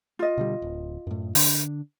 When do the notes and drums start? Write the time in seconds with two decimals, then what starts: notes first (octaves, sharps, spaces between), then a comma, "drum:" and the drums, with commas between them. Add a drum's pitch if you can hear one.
0.19 F4 D#5
0.38 B2 D3 G3
0.62 D1
1.07 F#2 A2
1.35 D3 D4, drum: open hi-hat